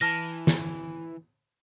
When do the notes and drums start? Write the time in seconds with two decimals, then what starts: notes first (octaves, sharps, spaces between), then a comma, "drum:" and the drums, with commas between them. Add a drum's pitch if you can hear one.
0.01 E3 A5 F6 A#6
0.47 drum: snare